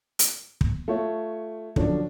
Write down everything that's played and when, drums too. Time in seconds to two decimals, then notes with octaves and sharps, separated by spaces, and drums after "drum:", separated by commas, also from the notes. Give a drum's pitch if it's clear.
0.19 drum: hi-hat
0.61 drum: kick
0.88 A3 F4 C#5
1.76 D3 F3 F#3 C#4 D4, drum: kick